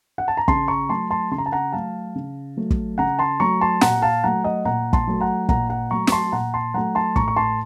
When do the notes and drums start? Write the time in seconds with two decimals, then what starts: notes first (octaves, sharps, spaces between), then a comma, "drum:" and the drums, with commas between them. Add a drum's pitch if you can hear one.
0.18 F#5
0.28 A5
0.37 A#5
0.48 C#3 A5 C6, drum: kick
0.68 A#5 C#6
0.89 F#3 A3 A5 C6
1.11 A5 C6
1.31 C#3 C6
1.38 A#5
1.46 A5
1.52 F#5 A#5
1.72 F#3 A3 F5 A5
2.15 C#3
2.57 F#3 A3
2.70 drum: kick
2.98 C#3 F#5 A#5
3.19 A5 C6
3.40 F#3 A3 A#5 C#6
3.61 A5 C6
3.81 A#2 F#5 A#5, drum: snare
4.02 F5 A5
4.24 F#3 A3 F#5 A#5
4.44 D#5 F#5
4.65 A#2 F#5 A#5
4.93 A5 C6, drum: kick
5.07 F#3 A3
5.21 F#5 A#5
5.49 A#2 F#5 A#5, drum: kick
5.70 F#5 A#5
5.91 F#3 A3 A#5 C#6
6.07 C#6, drum: snare
6.12 A5 C6
6.32 A#2 F#5 A#5
6.54 A5 C6
6.74 F#3 A3 F#5 A#5
6.95 A5 C6
7.16 A2 A#5 C#6, drum: kick
7.28 C#6
7.36 A5 C6